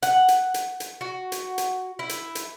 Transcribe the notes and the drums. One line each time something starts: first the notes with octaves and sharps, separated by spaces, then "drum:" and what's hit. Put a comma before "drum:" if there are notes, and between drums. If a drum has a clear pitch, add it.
F#5, drum: hi-hat
drum: hi-hat
drum: hi-hat
drum: hi-hat
F#4
drum: hi-hat
drum: hi-hat
E4
drum: hi-hat
drum: hi-hat